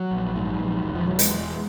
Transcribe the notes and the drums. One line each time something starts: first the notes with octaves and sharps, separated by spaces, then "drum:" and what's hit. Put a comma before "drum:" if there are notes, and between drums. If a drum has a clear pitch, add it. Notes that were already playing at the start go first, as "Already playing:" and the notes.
Already playing: F#3
A#1
G#2
A#1
E1
F3
E1 F#3
G#3, drum: hi-hat
E1 G#3